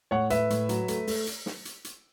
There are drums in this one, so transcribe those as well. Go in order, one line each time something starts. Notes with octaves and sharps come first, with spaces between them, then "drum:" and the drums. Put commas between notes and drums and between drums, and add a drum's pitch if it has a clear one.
A2 C#5 F#5
A2 B4 E5, drum: hi-hat
A2, drum: hi-hat
F#3, drum: hi-hat
A3, drum: hi-hat
A3, drum: open hi-hat
drum: hi-hat
drum: snare
drum: hi-hat
drum: hi-hat